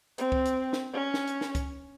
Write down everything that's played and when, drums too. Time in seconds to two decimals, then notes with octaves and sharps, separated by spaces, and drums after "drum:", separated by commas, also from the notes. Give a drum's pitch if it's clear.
0.18 C4, drum: hi-hat
0.32 drum: kick
0.46 drum: hi-hat
0.73 drum: snare
0.93 C#4
1.14 drum: snare
1.28 drum: hi-hat
1.41 drum: snare
1.55 drum: kick, hi-hat